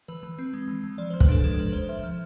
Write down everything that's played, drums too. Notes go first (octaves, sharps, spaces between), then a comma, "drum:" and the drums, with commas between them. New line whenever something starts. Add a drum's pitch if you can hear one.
E3 B4
E3
C4
G#3
E3
E3
F3 D5
C5
F3
B4, drum: kick
D4 A4
G#3 A4
F3 B4
F3 C5
F3 E5
F3